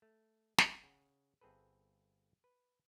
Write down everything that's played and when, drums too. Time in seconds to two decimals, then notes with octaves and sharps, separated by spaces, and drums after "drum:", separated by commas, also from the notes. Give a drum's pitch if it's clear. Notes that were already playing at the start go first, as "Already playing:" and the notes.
0.02 A3
0.58 drum: snare
0.83 C#3 F#5 G#5
1.41 G1 C4 G#4 A4 B4
2.44 B4